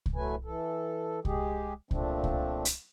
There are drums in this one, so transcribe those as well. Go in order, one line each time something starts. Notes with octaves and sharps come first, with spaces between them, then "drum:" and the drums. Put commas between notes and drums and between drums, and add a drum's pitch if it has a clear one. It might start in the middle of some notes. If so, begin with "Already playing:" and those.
drum: kick C2
A2 E3 F#3 A3 B4 G#5
E3 A4
G#3 G4 G#4, drum: kick C2
A#2 F3 A3 C4 D4, drum: kick C2
drum: kick C2
drum: hi-hat